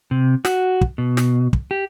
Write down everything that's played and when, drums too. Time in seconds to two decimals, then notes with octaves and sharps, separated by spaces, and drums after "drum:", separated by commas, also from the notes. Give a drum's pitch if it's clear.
0.11 C3
0.45 F#4, drum: snare
0.81 drum: kick
0.98 B2
1.17 drum: snare
1.53 drum: kick
1.71 G4